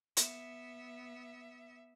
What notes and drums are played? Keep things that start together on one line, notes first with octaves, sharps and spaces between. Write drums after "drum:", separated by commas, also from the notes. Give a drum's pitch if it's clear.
B3 E5, drum: hi-hat